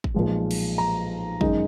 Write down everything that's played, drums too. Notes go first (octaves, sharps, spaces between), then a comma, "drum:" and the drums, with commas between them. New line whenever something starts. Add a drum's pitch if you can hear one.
drum: kick
B1 A#2 F3 G#3
drum: cymbal
A#5
F#2 D#3 G#3 D#4, drum: kick